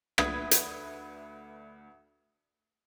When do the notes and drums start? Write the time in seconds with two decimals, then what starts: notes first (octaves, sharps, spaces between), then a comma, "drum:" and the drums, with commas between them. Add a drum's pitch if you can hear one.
0.18 D2 D4 B4 E5 D#6 G#6, drum: rim click
0.51 drum: hi-hat